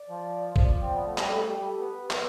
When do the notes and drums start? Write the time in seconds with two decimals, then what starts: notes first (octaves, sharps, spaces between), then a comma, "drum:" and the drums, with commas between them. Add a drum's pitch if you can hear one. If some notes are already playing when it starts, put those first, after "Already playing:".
Already playing: D5
0.09 F3
0.56 F3 D5, drum: kick G#1
0.82 C4
0.94 B3
1.06 A3
1.18 G3 G4, drum: clap
1.29 A3 A4
1.41 G4
1.49 G3
1.64 A3
1.80 B3
2.11 B3 B4, drum: clap